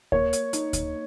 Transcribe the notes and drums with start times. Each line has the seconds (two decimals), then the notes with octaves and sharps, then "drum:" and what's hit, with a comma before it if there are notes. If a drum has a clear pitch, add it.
0.12 A#3 C#5, drum: kick D2
0.33 drum: hi-hat
0.53 D#4, drum: hi-hat
0.73 drum: kick D2, hi-hat